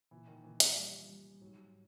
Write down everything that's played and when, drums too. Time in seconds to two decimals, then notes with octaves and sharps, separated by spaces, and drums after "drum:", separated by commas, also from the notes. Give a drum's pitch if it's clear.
0.11 A#2 E3
0.27 D#3
0.44 A#2 E3
0.60 F3, drum: hi-hat
0.76 G3
1.09 G3
1.41 G#2 F#3